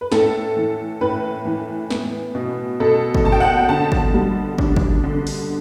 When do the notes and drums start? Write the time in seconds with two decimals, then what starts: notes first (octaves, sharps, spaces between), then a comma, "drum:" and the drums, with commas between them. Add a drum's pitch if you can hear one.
0.01 B4
0.12 A2 A4, drum: snare
0.57 E3
1.01 A2 B4
1.45 E3
1.90 B3, drum: snare
2.35 B2
2.80 B2 A4
3.14 drum: kick
3.24 B2 A5
3.32 G5
3.40 F#5
3.48 G5
3.69 D3 A5
3.92 drum: kick
4.14 G3
4.58 D4, drum: kick
4.76 drum: kick
5.04 D3
5.27 drum: open hi-hat